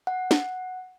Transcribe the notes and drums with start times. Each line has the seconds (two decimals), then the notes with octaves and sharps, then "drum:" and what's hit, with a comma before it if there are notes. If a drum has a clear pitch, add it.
0.07 F#5
0.31 drum: snare